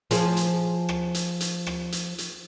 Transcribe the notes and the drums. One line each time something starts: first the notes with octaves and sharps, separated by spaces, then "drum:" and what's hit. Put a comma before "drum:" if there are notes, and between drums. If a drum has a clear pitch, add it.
F3 G#4 C5, drum: hi-hat
drum: hi-hat
drum: rim click
drum: hi-hat
drum: hi-hat
drum: rim click
drum: hi-hat
drum: hi-hat